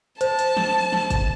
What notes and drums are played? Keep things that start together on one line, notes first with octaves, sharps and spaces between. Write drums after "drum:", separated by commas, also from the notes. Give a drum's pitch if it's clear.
C5 A5, drum: hi-hat
drum: hi-hat
drum: snare
drum: snare
drum: kick F#1, hi-hat